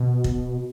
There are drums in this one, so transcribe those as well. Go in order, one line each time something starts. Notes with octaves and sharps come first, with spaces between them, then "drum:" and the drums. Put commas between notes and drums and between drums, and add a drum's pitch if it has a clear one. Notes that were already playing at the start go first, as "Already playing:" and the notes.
Already playing: B2
drum: kick